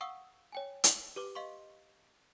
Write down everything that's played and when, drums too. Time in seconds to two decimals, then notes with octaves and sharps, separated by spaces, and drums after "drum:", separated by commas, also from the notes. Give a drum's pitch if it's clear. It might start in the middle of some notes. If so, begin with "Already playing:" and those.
0.01 F5 F#5 C#6 D#6 E6
0.52 C#5 G5 G#5
0.84 drum: hi-hat
1.16 G4 B4 D6
1.35 D#5 F5 C6 C#6